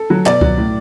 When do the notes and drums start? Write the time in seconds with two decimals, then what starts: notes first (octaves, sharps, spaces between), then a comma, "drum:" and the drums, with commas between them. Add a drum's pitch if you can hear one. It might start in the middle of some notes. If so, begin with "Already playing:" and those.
Already playing: A4
0.10 F#3
0.26 B2 D5, drum: clap
0.41 F#3, drum: kick C#2
0.57 A2